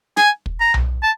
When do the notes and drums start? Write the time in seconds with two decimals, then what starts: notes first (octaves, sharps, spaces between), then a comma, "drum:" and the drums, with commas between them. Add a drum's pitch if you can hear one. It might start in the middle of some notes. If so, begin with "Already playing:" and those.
0.17 G#5, drum: snare
0.46 drum: kick
0.60 A#5
0.74 drum: tom B1
1.03 A5